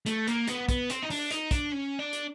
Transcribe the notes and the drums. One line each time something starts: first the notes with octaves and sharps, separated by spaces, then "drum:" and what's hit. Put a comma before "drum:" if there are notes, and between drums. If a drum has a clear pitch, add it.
A3, drum: hi-hat
A#3, drum: hi-hat
B3, drum: hi-hat
B3, drum: kick, hi-hat
C4, drum: hi-hat
D#4
D4, drum: open hi-hat
D#4, drum: hi-hat
D4, drum: kick, hi-hat
C#4
D4
drum: hi-hat